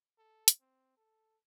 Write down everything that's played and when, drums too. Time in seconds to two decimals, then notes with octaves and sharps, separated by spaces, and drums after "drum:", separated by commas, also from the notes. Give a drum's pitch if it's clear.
0.18 A4
0.48 drum: hi-hat
0.60 C4
0.97 A4